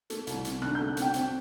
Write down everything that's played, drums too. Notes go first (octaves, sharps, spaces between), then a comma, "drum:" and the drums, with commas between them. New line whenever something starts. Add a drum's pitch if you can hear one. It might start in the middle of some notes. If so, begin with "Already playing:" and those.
A3, drum: hi-hat
C2, drum: hi-hat
C3, drum: hi-hat
D3 F#6, drum: rim click
A3 G6
F#6
C4 G5, drum: hi-hat
C4, drum: hi-hat